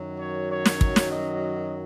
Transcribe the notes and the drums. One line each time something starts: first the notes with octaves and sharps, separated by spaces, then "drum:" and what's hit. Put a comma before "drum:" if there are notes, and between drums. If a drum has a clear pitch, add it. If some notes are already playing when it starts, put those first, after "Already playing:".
Already playing: F#2 D#3 F#3
C#5
C#5
drum: snare
drum: kick
drum: snare
D#5